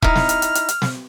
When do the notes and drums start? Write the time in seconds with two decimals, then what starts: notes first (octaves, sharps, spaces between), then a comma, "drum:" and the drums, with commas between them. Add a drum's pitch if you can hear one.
0.02 D#4 E4 F6, drum: kick E1
0.16 drum: snare
0.29 drum: hi-hat
0.42 drum: hi-hat
0.55 drum: hi-hat
0.69 drum: hi-hat
0.82 drum: snare